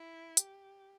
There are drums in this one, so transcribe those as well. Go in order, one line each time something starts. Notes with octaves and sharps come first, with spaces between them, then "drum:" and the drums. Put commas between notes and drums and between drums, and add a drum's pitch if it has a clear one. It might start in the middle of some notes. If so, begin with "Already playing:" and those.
Already playing: E4
G4, drum: hi-hat